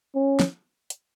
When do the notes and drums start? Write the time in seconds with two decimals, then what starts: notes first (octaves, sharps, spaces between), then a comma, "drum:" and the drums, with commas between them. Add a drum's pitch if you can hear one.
0.15 C#4
0.40 drum: snare
0.90 drum: hi-hat